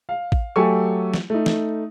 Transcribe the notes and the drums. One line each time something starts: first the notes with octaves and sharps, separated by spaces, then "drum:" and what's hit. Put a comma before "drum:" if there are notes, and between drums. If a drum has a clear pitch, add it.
F5
drum: kick A1
F#3 A3 G4 A4 G#5 C#6
drum: snare
A3 D#4
drum: snare